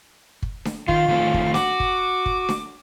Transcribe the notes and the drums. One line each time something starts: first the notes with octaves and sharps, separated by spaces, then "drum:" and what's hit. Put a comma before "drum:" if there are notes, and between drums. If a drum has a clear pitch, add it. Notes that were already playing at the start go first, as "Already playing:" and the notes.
drum: kick
drum: snare D4
D#3 F4, drum: kick
D#3 A3 C4
drum: kick
F#4 D6, drum: snare D4
drum: kick
drum: kick
drum: snare D4